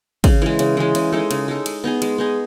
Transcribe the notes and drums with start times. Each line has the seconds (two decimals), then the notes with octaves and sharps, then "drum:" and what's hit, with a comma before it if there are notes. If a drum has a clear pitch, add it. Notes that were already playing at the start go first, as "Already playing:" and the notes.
0.24 C#3, drum: kick, cymbal
0.42 E3 G#3
0.59 C#3, drum: cymbal
0.77 E3 G#3
0.95 C#3, drum: cymbal
1.12 G#3 D#4 A4
1.31 C#3, drum: cymbal
1.48 G#3 D#4 A4
1.66 G#3, drum: cymbal
1.84 B3 D#4 G#4
2.02 G#3, drum: cymbal
2.18 B3 D#4 G#4